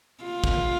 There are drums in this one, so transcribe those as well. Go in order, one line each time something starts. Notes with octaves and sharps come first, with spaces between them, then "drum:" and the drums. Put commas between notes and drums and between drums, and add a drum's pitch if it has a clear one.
F4
drum: kick